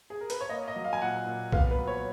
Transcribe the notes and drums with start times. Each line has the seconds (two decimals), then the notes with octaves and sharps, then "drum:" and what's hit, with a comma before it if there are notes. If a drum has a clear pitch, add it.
0.10 G#4
0.21 A#4
0.30 B4, drum: hi-hat
0.41 C#5
0.49 A#3 D#5
0.68 D#5
0.76 F#3
0.85 F5
0.93 G#5
1.02 A#2 F#5
1.27 A#2
1.52 B3 F5, drum: kick B1
1.71 B4
1.79 F#3
1.87 C#5